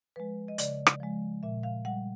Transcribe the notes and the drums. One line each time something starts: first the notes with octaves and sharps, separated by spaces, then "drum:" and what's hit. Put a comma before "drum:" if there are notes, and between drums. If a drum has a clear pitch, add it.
F3 G#3 B4
D#5
C#3 D5, drum: hi-hat
drum: rim click
F3 G#3
A#2 E5
F5
G3 F#5